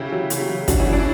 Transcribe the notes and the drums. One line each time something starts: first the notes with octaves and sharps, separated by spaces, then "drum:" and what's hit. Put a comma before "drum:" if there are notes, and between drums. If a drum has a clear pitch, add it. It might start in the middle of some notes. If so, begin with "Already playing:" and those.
Already playing: C#3 E4 G4
F#3
C#3, drum: hi-hat
F#3
C#3 D4 F#4, drum: kick, hi-hat
C#4 E4
F#3
D4
E4